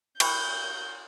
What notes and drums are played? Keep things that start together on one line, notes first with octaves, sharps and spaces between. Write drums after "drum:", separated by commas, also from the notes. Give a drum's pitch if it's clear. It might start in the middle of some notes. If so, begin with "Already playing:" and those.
G5 B5 C#6 G6, drum: cymbal